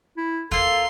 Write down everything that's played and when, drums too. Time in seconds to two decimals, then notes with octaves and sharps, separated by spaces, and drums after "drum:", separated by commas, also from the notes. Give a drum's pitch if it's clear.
0.17 E4
0.51 A#3 F4 A4 C6, drum: kick D#2